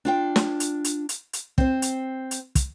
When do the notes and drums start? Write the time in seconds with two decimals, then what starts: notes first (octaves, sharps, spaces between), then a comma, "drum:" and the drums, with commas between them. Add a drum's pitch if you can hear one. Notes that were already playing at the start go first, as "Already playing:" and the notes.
0.05 D4 F4 G5
0.36 drum: snare
0.60 drum: hi-hat
0.84 drum: hi-hat
1.09 drum: hi-hat
1.33 drum: hi-hat
1.58 C4 C5, drum: kick
1.82 drum: hi-hat
2.31 drum: hi-hat
2.55 drum: kick, hi-hat